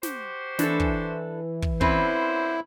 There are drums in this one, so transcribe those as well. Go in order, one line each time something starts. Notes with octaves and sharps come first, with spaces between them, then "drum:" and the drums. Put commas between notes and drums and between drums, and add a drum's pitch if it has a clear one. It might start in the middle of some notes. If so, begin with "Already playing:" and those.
F#4 G4 C5, drum: snare
E3 D4 A4, drum: snare
drum: kick
drum: kick
F#2 D3 C4 C#4 E4 B4 C5, drum: kick